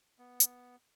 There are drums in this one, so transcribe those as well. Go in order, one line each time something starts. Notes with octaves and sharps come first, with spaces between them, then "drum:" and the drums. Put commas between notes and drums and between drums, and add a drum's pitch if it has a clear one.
B3
drum: hi-hat